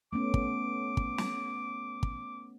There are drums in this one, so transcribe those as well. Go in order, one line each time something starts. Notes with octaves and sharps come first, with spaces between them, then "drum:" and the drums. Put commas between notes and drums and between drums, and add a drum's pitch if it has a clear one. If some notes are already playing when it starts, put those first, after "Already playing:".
A3 B3 C#4 D6
drum: kick
drum: kick
drum: snare
drum: kick